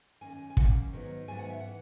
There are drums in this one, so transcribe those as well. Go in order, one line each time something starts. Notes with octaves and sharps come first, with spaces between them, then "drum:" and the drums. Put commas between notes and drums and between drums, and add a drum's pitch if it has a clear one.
F#2 D#3 A#3 C#4 G#5
G#5
F#2 D#3 A#3 C#4 F#5, drum: kick
G#2 D#3 F#3 B3
G#2 D#3 F#3 B3 G#5
F#5
E5
E3 F#5